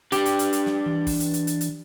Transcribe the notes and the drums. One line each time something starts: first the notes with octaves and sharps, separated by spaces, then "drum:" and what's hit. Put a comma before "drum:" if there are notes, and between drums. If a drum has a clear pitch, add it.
D4 G4 B4, drum: hi-hat
drum: hi-hat
drum: hi-hat
drum: hi-hat
drum: snare
E3
drum: kick, open hi-hat
drum: hi-hat
drum: hi-hat
drum: hi-hat
drum: hi-hat